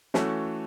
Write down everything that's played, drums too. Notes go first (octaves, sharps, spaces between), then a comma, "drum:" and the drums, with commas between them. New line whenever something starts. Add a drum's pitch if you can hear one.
E3 A3 C#4 F#4 A4, drum: snare